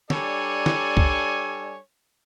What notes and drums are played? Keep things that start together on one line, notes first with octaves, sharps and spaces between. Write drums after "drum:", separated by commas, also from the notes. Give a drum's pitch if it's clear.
G3 D4 A4 C#5 D5 G#5, drum: snare
drum: snare
drum: kick